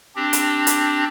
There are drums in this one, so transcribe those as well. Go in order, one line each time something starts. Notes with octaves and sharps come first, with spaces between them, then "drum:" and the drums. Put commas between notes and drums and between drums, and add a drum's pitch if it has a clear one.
C4 D4 G4
drum: hi-hat
drum: hi-hat